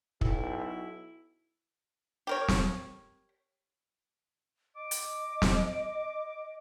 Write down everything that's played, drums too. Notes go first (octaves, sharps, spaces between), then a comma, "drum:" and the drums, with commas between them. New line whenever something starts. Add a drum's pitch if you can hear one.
B1 E4, drum: kick
G4 A#4 C#5
drum: snare
D#5 D6
drum: hi-hat
drum: snare